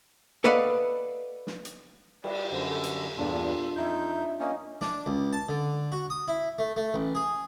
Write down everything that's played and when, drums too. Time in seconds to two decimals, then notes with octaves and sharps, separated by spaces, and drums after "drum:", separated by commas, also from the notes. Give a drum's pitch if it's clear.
0.44 A4 B4 D5 D#5 F5 F#5, drum: tom
1.47 drum: snare
1.65 drum: hi-hat
2.24 G3 D5, drum: cymbal
2.51 F#2 D3 C5
2.68 A4
2.83 drum: hi-hat
3.17 E2 G2 A#2 D4 F4 A4
3.76 F2 D#4 E5 G6
4.40 A#3 C#4 D#5
4.81 D4, drum: snare
5.06 C#2
5.33 A5
5.49 D3
5.92 F#4
6.10 D#6
6.28 E4
6.59 A3
6.77 A3
6.94 A1
7.15 G#4